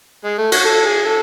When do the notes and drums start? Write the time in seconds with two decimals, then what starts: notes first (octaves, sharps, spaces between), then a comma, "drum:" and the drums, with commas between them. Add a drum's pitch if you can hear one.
0.25 G#3
0.38 A3
0.52 F#4, drum: cymbal
0.65 A4
0.85 G#4
1.05 A4